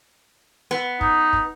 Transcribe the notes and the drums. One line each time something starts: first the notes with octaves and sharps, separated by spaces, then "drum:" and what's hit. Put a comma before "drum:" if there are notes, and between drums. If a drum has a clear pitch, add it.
B3
D#4, drum: kick
drum: kick